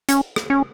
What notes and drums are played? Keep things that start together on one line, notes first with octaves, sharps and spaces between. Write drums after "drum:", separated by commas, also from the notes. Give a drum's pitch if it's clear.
C#4, drum: hi-hat
drum: rim click
C#4